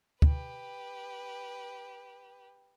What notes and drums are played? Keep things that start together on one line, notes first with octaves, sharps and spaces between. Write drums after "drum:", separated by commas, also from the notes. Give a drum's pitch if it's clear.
G4 B4, drum: kick